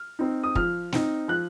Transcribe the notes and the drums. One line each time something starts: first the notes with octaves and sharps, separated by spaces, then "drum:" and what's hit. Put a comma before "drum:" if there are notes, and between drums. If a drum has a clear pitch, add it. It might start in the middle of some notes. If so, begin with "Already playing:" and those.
Already playing: F6
C4 D#4
D#6
F3 F6, drum: kick
C4 D#4, drum: snare
F3 F#6